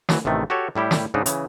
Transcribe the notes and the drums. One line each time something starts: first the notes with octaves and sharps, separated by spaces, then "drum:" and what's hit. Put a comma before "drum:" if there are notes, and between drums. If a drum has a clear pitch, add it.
E3 F#3, drum: snare
A1 C3 D#3 A3
F#4 G4 A4 C#5
A2 G3 E4 G4
drum: snare
G#2 C#3 D4 D#4
C#3 E3, drum: hi-hat